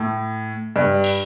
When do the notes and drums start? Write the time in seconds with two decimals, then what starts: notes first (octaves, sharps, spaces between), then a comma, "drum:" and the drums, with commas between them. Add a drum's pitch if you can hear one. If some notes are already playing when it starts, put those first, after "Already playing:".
Already playing: A2
0.76 G2
1.04 drum: cymbal